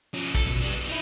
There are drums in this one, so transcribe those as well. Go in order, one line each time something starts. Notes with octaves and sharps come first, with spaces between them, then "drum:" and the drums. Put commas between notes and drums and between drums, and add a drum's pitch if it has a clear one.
F3 C#4
A4, drum: kick
B2
G3 D4
B1
D#4 E4